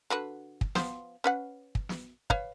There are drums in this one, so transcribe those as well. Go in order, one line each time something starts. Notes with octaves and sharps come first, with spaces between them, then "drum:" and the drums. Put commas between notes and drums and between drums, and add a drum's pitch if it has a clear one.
D3 F#4 B4
drum: kick
F3 B3 C5, drum: snare
C#4 B4 F#5
drum: kick
drum: snare
B4 C#5 F5, drum: kick